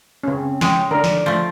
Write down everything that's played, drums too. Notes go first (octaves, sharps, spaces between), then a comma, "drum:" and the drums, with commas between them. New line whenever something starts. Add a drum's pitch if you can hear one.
C#3 C4 C#4
G#3 C#5 G5, drum: snare
D3 A#4 D5
drum: snare
F3 A3